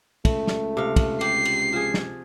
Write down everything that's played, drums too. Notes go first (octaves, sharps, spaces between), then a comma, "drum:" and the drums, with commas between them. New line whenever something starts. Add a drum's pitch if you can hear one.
C#2 A3, drum: kick, cymbal
drum: snare
C3 F5
drum: kick, cymbal
G4 C7, drum: cymbal
drum: cymbal
F3 G#4
drum: snare